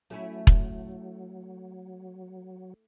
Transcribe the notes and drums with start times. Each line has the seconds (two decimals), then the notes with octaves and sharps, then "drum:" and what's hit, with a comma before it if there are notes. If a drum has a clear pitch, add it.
0.10 F#3 A3 C#4 E4
0.47 drum: kick E1